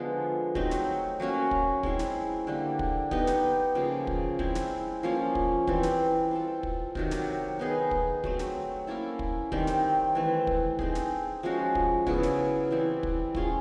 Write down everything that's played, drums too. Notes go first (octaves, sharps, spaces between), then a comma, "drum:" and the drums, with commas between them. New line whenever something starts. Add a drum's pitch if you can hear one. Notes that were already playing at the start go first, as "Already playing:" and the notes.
Already playing: D3 F3 G#3 B3
F#3 A3 C4 D#4, drum: kick
drum: snare
F#3 A#3 C#4 F#4
drum: kick
G#3 C4 E4, drum: kick
drum: snare
D3 G3 A#3
drum: kick
B3 D#4 G4, drum: kick
drum: snare
C#3 F3 A#3
drum: kick
G#3 C4 E4, drum: kick
drum: snare
F3 A#3 C#4
drum: kick
E3 G3 C4, drum: kick
drum: snare
C4 F4 A4
drum: kick
C3 D#3 F#3, drum: kick
drum: snare
B3 D#4 G#4
drum: kick
F#3 A3 C4, drum: kick
drum: snare
A#3 C#4 E4 A4
drum: kick
D#3 G3 C4, drum: kick
drum: snare
E3 A3 C4
drum: kick
C4 D#4 G#4, drum: kick
drum: snare
F3 G#3 C#4 F#4
drum: kick
C#3 F#3 B3 E4, drum: kick
drum: snare
E3 G3 C4 E4
drum: kick
A3 C#4 F4 G#4, drum: kick